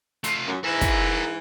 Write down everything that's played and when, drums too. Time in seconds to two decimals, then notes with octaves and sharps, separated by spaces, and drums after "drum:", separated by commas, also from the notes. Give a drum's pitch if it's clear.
0.24 A3 F4, drum: hi-hat
0.47 F#2
0.64 G#2 E3 A#4 E5
0.81 drum: kick, hi-hat